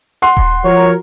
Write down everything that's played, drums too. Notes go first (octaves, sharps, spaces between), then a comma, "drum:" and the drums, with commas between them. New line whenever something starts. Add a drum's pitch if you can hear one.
F#5 C6
drum: kick D#1
F3 F#4 A#4 C#5